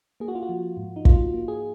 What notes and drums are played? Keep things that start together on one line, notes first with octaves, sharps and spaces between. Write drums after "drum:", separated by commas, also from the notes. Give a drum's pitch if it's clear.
A#3 G#4
F#4
F4
F#4
F3
G#2
D#4
A#3 F4, drum: kick
A#3
G#4